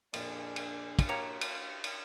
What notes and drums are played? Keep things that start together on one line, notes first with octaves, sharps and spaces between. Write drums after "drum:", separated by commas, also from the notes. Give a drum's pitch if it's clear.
F2 A#2 D4 G#4, drum: cymbal
drum: cymbal
drum: kick, cymbal
A#3 F#4 G4 C#5 A#5 C#7 F7
drum: cymbal
drum: cymbal